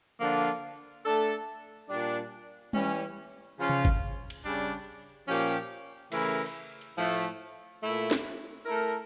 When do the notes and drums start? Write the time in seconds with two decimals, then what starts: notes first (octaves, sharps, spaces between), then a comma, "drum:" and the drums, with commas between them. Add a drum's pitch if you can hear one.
0.20 D3 F3 A#3 D4 F4
1.05 A3 D4 A4
1.89 A#2 G3 D4
2.73 E3 G3 C#4, drum: tom G3
3.58 C#3 F3 C#4 F4
3.69 drum: tom C3
3.85 drum: kick G#1
4.30 drum: cymbal
4.43 C#3 G3 D4
5.27 A#2 F3 C#4 G4
6.12 C#3 E3 A3 E4 A#4, drum: cymbal
6.46 drum: hi-hat
6.81 drum: hi-hat
6.97 A2 F3 A3
7.81 A#2 A3 E4
8.11 drum: snare
8.66 A3 E4 A#4, drum: tambourine